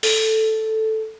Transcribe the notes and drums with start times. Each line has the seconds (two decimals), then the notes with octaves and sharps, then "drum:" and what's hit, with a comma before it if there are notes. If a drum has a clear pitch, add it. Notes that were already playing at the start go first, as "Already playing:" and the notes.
0.03 A4, drum: open hi-hat